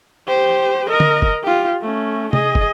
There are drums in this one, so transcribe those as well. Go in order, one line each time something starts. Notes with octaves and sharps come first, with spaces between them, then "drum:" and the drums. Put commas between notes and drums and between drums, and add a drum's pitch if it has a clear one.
G4 C5
A#4 D#5
drum: tom
drum: kick
F4 G4
A3 C#4
G#4 D#5, drum: tom C3
drum: kick